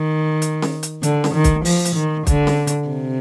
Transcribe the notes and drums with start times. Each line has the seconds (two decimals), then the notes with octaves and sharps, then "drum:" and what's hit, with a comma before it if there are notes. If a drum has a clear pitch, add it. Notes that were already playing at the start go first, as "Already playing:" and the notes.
Already playing: D#3
0.42 drum: hi-hat
0.62 drum: snare C#4
0.83 drum: hi-hat
1.03 D3, drum: hi-hat
1.24 drum: snare C#4
1.34 D#3
1.44 drum: kick, hi-hat
1.65 F3, drum: open hi-hat
1.85 drum: hi-hat
1.96 D#3
2.27 D3, drum: kick, hi-hat
2.47 drum: snare C#4
2.67 drum: hi-hat
2.88 C3